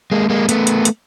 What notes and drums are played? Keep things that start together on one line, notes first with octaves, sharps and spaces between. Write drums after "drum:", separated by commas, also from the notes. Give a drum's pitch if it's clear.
G#3 A#3
G#3 A#3
A3 B3, drum: hi-hat
drum: hi-hat
drum: hi-hat